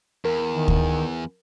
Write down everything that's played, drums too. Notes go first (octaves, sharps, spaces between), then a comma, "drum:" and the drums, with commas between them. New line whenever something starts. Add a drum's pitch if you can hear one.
E2 A#4
D#3
drum: kick D2